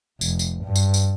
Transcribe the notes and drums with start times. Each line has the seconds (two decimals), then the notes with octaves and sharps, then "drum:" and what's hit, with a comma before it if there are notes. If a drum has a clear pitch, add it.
0.21 F1, drum: tambourine
0.39 drum: tambourine
0.65 G2
0.76 drum: tambourine
0.94 drum: tambourine